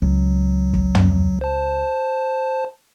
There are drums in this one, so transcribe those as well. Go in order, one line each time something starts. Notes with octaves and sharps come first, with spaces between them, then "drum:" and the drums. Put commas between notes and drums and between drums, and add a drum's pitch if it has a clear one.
C#2 F#3
drum: kick
drum: tom
C5 A5